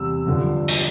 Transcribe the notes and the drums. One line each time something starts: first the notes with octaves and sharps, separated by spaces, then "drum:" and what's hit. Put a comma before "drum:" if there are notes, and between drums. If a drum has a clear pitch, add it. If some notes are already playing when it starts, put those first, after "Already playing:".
Already playing: E2 C3 G3 E6
G2 D3 F3
drum: hi-hat